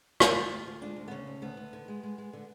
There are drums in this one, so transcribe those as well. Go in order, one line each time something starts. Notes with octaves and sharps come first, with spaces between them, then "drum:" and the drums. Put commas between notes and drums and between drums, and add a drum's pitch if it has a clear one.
D2 F4, drum: rim click
D2
D2
D2
G#3 D4
D2
B3
C#3 C#4
D2
D2 B3
D2
D3
G#3
G#3
G#3
D3